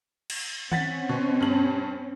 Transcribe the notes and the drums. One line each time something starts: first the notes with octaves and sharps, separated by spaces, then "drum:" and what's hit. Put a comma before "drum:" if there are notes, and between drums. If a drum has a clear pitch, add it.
drum: cymbal
C4 C#4 F#5 A6 B6, drum: tom D#3
B2
G2 F#7